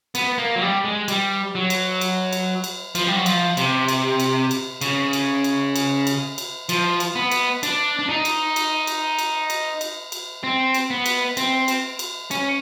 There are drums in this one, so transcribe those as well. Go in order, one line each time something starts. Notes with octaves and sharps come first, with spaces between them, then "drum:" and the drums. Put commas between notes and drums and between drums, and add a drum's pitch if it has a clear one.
B3, drum: cymbal
A#3
F#3
G3
G#3
G3, drum: cymbal
F#3
drum: cymbal
drum: cymbal
drum: cymbal
drum: cymbal
F3, drum: cymbal
G3
F#3
F3, drum: cymbal
C3, drum: cymbal
drum: cymbal
drum: cymbal
drum: cymbal
C#3, drum: cymbal
drum: cymbal
drum: cymbal
drum: cymbal
drum: cymbal
drum: cymbal
F3, drum: cymbal
drum: cymbal
B3
drum: cymbal
D4, drum: cymbal
D4
D#4
drum: cymbal
drum: cymbal
drum: cymbal
drum: cymbal
drum: cymbal
drum: cymbal
drum: cymbal
C4
drum: cymbal
B3
drum: cymbal
C4, drum: cymbal
drum: cymbal
drum: cymbal
C#4, drum: cymbal